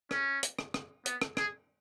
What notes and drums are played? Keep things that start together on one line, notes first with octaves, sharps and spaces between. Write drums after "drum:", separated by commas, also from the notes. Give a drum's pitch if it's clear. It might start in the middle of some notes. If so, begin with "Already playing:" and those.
C#4, drum: rim click
drum: hi-hat
drum: rim click
drum: rim click
B3, drum: hi-hat
drum: rim click
G#4, drum: rim click